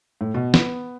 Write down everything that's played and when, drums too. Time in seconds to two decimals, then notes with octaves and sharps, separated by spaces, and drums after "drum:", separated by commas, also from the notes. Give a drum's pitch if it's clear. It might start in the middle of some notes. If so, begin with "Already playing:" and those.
0.21 A2
0.34 B2
0.54 B3, drum: snare